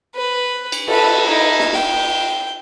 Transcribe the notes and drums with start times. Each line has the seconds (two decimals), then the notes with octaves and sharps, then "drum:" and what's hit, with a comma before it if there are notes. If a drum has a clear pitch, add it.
0.15 B4
0.72 drum: cymbal
0.88 A4 B4, drum: cymbal
1.26 D#4 E4
1.60 drum: snare
1.73 G5, drum: snare